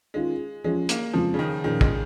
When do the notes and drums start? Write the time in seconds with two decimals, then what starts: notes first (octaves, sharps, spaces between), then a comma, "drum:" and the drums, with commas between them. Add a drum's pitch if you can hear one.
0.14 D#3 G#3 C#4 F4 G#4
0.64 F3 G#3 C#4 F4 G#4
0.89 A#3, drum: hi-hat
1.13 F2 C#3 F3 G#3 F4 G#4
1.34 C#3
1.39 D#3
1.64 A#2 D#3 F3 C#4 F4 G#4
1.81 G#3, drum: kick